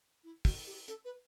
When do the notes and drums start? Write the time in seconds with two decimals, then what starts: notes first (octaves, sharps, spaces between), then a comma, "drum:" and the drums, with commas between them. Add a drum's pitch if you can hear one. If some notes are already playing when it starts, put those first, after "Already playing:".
0.24 E4
0.45 F#4, drum: kick, open hi-hat
0.67 G4
0.88 A4, drum: hi-hat
1.05 B4